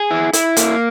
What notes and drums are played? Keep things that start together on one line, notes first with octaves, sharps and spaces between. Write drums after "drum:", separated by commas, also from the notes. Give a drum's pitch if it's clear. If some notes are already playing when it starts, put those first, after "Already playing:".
Already playing: G#4
E4
E4, drum: hi-hat
A#3, drum: hi-hat